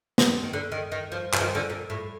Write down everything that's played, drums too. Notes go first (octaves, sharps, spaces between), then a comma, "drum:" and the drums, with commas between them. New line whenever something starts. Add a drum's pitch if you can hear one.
drum: snare
D#3
D3
D#3
D#3
F3
F3, drum: clap
D#3
D3
A#2
A2